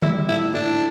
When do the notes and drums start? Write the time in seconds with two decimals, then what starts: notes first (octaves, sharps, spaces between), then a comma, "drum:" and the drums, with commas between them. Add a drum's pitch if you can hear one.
0.02 G3 E4, drum: tom D3
0.28 A2 E4
0.54 A2 D4